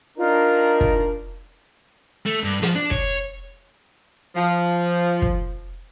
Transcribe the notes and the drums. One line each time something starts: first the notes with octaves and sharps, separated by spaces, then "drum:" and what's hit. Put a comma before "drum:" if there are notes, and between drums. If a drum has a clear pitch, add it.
D4 D#4 F4 A#4
drum: kick
A3
G2
F3, drum: hi-hat
D4
C#5, drum: kick
F3
drum: kick